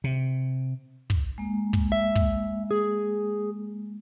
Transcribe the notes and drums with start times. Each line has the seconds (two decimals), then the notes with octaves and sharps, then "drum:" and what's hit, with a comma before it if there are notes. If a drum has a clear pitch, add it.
0.04 C3
1.10 drum: kick
1.38 G#3 A#3
1.73 drum: kick
1.92 E5
2.15 drum: kick
2.71 G#4